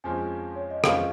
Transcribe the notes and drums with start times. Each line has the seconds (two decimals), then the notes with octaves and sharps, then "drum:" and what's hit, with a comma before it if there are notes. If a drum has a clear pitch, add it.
0.04 F2 F3 G#3 C#4 G#5
0.56 C#5
0.70 D#5
0.84 F2 F3 G#3 C#4 F5, drum: rim click